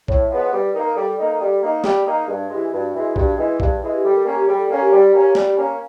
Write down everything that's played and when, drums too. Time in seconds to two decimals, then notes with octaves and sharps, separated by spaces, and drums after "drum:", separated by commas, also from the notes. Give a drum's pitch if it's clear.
0.08 A2 C#5, drum: kick A#1
0.30 F3 G#3 B3
0.52 G3 B4
0.74 A#3 D#4 A#4
0.96 G3 A4
1.19 A#3 D#4
1.40 G3
1.62 A#3 D#4
1.84 G3 G#4, drum: snare
2.06 A#3 D#4
2.28 G2 G#4
2.50 E3 G#3 G4
2.72 G2 F#4
2.95 E3 G#3
3.16 G2, drum: kick A#1
3.37 E3 G#3
3.60 G2 G#4, drum: kick A#1
3.82 E3 G#3
3.93 G4
4.04 G3 A4
4.15 A#4
4.25 A#3 C#4
4.36 G4
4.48 G3 G#4
4.59 A4
4.69 A#3 C#4 A#4
4.81 G4
4.91 G3 G4
5.14 A#3 C#4
5.35 G3, drum: snare
5.57 A#3 C#4